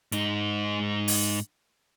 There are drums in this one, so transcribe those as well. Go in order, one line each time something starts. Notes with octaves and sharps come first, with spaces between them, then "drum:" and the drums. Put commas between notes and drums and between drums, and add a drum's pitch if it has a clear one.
G#2 D#4, drum: hi-hat
drum: open hi-hat